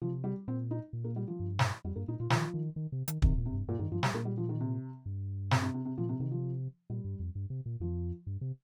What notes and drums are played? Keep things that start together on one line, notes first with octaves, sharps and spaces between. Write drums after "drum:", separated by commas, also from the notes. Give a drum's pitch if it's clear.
C3 F3
G3
A#2 C4
D#4
A#2
A#3
G3
F3
G2
drum: snare
F2 G3
G2 A#3
A#2 D#4
A#2 F4
D#3 F3, drum: snare
D#3
D#3
C3
D#3, drum: hi-hat
C3 D#3, drum: kick
A#2
C3
G2
G2 A#2
G2 D#3
G2 F3
A#2 G3, drum: snare
A#2 A#3
G3
F3
D#3
C3
G2
C3, drum: snare
C3
C3
C3
A#2 F3
C3
C3 D#3
F3
A#2 G3
G2
F2
G2
C3
A#2
F2 F3
G2
C3